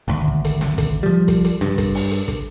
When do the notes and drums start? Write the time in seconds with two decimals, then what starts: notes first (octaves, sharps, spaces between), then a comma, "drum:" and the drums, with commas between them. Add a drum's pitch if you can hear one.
0.08 G#1 D2
0.28 drum: kick
0.45 drum: hi-hat
0.61 drum: snare
0.78 drum: kick, hi-hat
1.03 F3 G3
1.28 drum: kick, hi-hat
1.45 drum: hi-hat
1.61 G2, drum: snare
1.78 drum: kick, hi-hat
1.95 drum: open hi-hat
2.11 drum: hi-hat
2.28 drum: kick, hi-hat